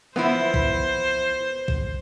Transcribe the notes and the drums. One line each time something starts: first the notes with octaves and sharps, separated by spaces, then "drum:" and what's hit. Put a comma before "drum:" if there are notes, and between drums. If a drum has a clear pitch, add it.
E3 F3 B3 E4 C5
drum: kick B1
drum: kick B1